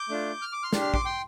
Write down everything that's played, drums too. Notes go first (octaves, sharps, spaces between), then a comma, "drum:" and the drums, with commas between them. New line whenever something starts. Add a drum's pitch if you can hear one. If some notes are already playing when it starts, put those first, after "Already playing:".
Already playing: D6 G6
A3 D4 F4
F6
D6
C6 F6
D4 G4, drum: snare
F6
D6, drum: kick A1
G5 C6